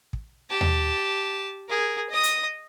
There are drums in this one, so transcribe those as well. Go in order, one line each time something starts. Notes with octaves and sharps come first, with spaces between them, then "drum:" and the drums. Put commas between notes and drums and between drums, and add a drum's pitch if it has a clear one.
drum: kick
G4 A5
drum: tom D#2
G#4 A#4
D#5 D#6
drum: hi-hat